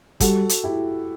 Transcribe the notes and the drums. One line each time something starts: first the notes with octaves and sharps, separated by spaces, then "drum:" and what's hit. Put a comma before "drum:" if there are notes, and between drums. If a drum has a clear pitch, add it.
G3 F#4 A4, drum: kick, hi-hat
drum: hi-hat
E4 G4